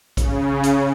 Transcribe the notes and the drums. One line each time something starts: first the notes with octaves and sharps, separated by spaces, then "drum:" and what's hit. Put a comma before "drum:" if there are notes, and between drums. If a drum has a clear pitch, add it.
C#3, drum: kick A#1, hi-hat
drum: hi-hat